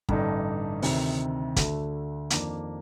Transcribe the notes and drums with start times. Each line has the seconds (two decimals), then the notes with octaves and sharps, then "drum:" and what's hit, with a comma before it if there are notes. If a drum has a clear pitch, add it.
0.09 A1 G2 D3 A3 D#4, drum: kick
0.82 D2 C3 D#3, drum: open hi-hat
1.56 D2 D3 A3, drum: kick, hi-hat
2.30 F2 D#3 A#3 D4, drum: hi-hat